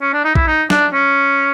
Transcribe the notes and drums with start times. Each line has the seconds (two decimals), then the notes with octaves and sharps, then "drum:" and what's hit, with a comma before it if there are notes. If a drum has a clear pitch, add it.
0.01 C#4
0.13 D4
0.25 D#4
0.35 E4, drum: kick
0.47 D#4
0.70 D4, drum: snare
0.93 C#4